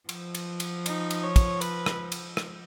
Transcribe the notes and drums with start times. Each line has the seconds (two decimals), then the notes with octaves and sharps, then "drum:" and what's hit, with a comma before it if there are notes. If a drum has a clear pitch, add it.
0.09 F3, drum: cymbal
0.35 drum: cymbal
0.60 drum: cymbal
0.86 D#4, drum: cymbal
1.11 drum: cymbal
1.24 C#5
1.36 drum: kick, cymbal
1.61 B4, drum: cymbal
1.86 drum: rim click
2.12 drum: cymbal
2.37 drum: rim click